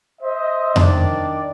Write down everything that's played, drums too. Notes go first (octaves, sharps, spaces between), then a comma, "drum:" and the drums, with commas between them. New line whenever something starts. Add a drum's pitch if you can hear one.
C5 D#5 E5
D#3 D4 D5, drum: tom F2